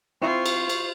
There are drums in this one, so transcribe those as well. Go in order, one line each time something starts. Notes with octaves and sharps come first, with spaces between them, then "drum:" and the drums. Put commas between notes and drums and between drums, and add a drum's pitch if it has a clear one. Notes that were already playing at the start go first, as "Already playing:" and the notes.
C4 E4 F4 C5 E5 C#6
drum: cymbal
drum: cymbal